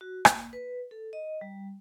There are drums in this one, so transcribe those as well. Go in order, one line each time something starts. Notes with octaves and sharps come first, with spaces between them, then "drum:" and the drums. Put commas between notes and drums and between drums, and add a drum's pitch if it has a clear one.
F#4
A#3, drum: rim click
B4
A4
D#5
G3